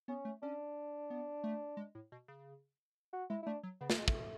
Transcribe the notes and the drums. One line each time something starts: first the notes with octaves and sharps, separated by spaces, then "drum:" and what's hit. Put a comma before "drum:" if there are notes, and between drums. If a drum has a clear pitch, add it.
B3 C#4
A3
C#4 D4
B3
A3
G#3
A2
B2
C#3
F#4
G#3 E4
E4
A3 D4
F#3
C#3 B3
A3, drum: snare
G#3
A3, drum: kick
B2